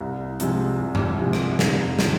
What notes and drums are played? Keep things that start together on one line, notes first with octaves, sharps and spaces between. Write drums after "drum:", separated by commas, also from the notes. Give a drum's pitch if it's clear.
C2
C3 F3 G#3, drum: hi-hat
C2
drum: tom G2
C3 F3 G#3
drum: rim click
F1, drum: snare
F3, drum: snare